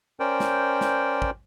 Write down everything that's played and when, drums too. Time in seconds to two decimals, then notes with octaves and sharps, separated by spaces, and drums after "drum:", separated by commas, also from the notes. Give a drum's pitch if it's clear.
0.20 C#4 A#4 C5 D5 G5
0.40 drum: snare
0.81 drum: snare
1.22 drum: kick